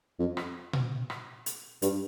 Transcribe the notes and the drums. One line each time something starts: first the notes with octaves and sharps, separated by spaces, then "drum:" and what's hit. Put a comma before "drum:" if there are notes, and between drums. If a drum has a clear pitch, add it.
F2
drum: rim click
drum: tom A#2
drum: rim click
drum: hi-hat
G2, drum: hi-hat